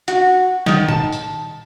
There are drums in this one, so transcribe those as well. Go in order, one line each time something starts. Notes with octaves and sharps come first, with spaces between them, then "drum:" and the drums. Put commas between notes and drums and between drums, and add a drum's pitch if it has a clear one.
F#4, drum: hi-hat
D#3, drum: snare
A5, drum: tom A#2
drum: tambourine